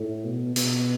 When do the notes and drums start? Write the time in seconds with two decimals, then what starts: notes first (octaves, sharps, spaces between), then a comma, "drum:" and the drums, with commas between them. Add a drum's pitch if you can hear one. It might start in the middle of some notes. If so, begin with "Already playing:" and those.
Already playing: A2
0.24 B2
0.56 B2, drum: hi-hat